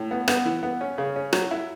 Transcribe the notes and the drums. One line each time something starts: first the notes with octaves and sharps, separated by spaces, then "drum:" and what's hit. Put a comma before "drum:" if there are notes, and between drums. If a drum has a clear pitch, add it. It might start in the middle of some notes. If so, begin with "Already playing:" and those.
Already playing: A2
B3
B3, drum: rim click
E3
B3
C#4
C#3
C#4
F#3, drum: rim click
E4